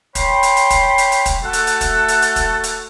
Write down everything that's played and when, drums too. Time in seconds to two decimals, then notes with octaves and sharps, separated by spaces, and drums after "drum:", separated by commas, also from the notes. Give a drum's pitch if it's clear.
0.15 C#5 G5 B5 C6, drum: kick, hi-hat
0.43 drum: hi-hat
0.57 drum: hi-hat
0.70 drum: kick, hi-hat
0.98 drum: hi-hat
1.12 drum: hi-hat
1.26 drum: kick, hi-hat
1.44 A3 F#4 A4 F#5
1.53 drum: hi-hat
1.67 drum: hi-hat
1.81 drum: kick, hi-hat
2.08 drum: hi-hat
2.22 drum: hi-hat
2.36 drum: kick, hi-hat
2.64 drum: hi-hat